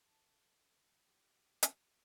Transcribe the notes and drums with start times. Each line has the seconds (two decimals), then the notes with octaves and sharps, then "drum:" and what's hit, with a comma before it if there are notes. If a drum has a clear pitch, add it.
0.06 D3 A4 A5
1.08 G#3 D4 F#4 G4
1.63 drum: hi-hat